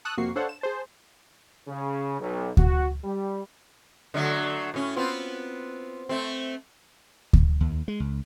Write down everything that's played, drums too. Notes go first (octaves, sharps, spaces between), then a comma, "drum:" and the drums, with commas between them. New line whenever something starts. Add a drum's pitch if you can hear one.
A5 C#6 D#6 E6 F#6
F2 C3 A#3 F#4 C#6 C7
D4 A4 C5 C#5 F5 F#5
E7
G#4 C5 A5
C#3
B1
F#4, drum: kick D2
G3
D3 F#3 A3
A2 C#4
B3 C4 F4
A3 C4
drum: kick D2
D#2
G#3
C#2